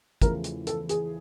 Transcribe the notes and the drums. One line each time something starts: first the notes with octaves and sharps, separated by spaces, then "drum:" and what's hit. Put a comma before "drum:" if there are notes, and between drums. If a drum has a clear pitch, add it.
E2 C#3 F3 A3 A#4, drum: kick, hi-hat
drum: hi-hat
A4, drum: hi-hat
G#4, drum: hi-hat